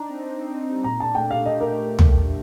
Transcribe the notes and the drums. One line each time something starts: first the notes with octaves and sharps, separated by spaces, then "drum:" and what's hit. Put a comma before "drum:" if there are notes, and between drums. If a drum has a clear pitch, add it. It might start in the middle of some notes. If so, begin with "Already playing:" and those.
Already playing: D4 D#4 A#5
C4
C4
D#4
D#4
G3
A#2 A#5
D4 A5
A3 G5
G4 F5
G4 D#5
A3 A#4
drum: tom